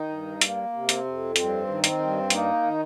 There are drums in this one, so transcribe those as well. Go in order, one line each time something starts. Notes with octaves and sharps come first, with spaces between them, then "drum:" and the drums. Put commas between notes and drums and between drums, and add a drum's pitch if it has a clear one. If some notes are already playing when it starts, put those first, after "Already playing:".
Already playing: D#3 D#4
G2
A#3, drum: hi-hat
C3
C4, drum: hi-hat
F2
G2 C4, drum: hi-hat
D#3
C4, drum: hi-hat
G2
A#3 D#4, drum: hi-hat
D#3